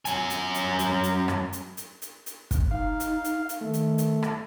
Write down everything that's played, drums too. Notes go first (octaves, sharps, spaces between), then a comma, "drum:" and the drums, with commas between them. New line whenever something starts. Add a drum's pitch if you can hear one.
F#2 G#5, drum: hi-hat
drum: hi-hat
drum: hi-hat
drum: hi-hat
drum: hi-hat
drum: rim click
drum: hi-hat
drum: hi-hat
drum: hi-hat
drum: hi-hat
drum: kick, hi-hat
D#4 F5
drum: hi-hat
drum: hi-hat
drum: hi-hat
D#3 A3
drum: hi-hat
drum: hi-hat
drum: rim click